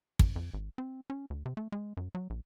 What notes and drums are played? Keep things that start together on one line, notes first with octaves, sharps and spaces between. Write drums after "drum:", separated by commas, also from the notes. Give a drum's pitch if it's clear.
F#2, drum: kick
F2
G#1
C4
C#4
D2
C3
A3
G#3
F#2
F#3
A#1